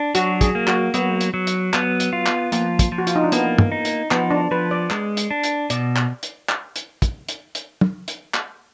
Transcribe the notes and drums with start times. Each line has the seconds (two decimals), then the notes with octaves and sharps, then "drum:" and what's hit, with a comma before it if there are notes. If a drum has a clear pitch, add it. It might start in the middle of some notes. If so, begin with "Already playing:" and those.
Already playing: D4
0.15 F#3 F#4, drum: hi-hat
0.41 G#4, drum: kick, hi-hat
0.55 A#3
0.68 F#4, drum: clap
0.94 F#3 B3, drum: hi-hat
1.21 drum: hi-hat
1.34 F#3
1.47 drum: hi-hat
1.74 B3, drum: clap
2.00 drum: hi-hat
2.13 F4
2.26 drum: clap
2.52 F3 A#3, drum: hi-hat
2.79 drum: kick, hi-hat
2.92 F3
2.98 F#4
3.07 F4, drum: hi-hat
3.16 D#4
3.24 D4
3.32 A#3 B3, drum: hi-hat
3.58 drum: tom
3.72 D#4
3.85 drum: hi-hat
4.11 F3 B3, drum: clap
4.31 D4
4.51 F3 B4
4.71 D5
4.90 G#3, drum: clap
5.17 drum: hi-hat
5.31 D4
5.43 drum: hi-hat
5.70 B2 D5, drum: hi-hat
5.96 drum: clap
6.23 drum: hi-hat
6.49 drum: clap
6.76 drum: hi-hat
7.02 drum: kick, hi-hat
7.29 drum: hi-hat
7.55 drum: hi-hat
7.81 drum: tom
8.08 drum: hi-hat
8.34 drum: clap